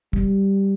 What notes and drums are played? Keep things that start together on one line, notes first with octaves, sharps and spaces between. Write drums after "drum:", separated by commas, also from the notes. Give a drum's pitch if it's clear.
G3, drum: kick